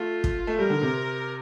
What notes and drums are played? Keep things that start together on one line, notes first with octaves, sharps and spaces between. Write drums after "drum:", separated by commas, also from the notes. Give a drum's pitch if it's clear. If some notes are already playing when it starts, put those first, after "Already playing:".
Already playing: A3 F4
drum: kick
A3
G3 A#4
D3
C3